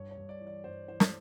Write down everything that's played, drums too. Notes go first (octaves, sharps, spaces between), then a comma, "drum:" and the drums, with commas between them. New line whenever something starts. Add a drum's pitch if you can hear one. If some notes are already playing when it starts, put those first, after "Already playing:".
Already playing: G2 C#5
C#5
G2
D5
E3
D5
G2 C5
E3 C5
drum: snare